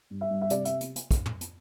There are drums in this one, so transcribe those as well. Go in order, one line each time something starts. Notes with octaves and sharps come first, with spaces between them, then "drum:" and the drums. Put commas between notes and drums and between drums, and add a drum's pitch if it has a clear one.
G2
E5
G2
E5
C3 D5, drum: hi-hat
E5, drum: hi-hat
drum: hi-hat
drum: hi-hat
drum: kick, hi-hat
drum: tom
drum: hi-hat